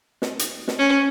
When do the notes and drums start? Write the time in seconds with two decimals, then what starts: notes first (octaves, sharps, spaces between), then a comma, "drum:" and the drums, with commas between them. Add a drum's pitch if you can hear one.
0.22 drum: snare
0.39 drum: hi-hat
0.68 drum: snare
0.79 C#4